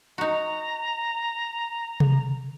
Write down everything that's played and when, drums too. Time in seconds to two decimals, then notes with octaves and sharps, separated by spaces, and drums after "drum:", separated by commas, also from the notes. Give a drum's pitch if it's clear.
0.18 D#4 F#4 A#5
2.00 drum: tom C3